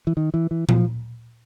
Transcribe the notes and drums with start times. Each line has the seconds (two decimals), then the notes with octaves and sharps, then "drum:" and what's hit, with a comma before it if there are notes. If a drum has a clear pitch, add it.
0.07 E3
0.17 D#3
0.34 E3
0.51 E3
0.69 F3, drum: tom A#2